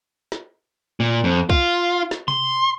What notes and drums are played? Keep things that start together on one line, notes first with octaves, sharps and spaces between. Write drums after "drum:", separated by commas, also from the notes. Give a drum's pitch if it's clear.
drum: snare
A#2
F2
F4, drum: kick
drum: snare
C6, drum: tom C3